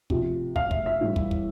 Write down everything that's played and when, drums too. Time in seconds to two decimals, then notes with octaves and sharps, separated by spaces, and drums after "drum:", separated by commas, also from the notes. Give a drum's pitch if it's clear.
0.10 C3 F3, drum: kick
0.56 F5, drum: kick
0.71 E5, drum: kick
0.86 E5
1.01 A2 E3 G3
1.16 drum: kick
1.31 drum: kick